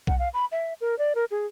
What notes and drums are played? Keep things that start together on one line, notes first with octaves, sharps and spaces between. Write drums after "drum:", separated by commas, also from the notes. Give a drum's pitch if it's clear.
F#5, drum: kick B1
F5
B5
E5
A#4
D5
A#4
G#4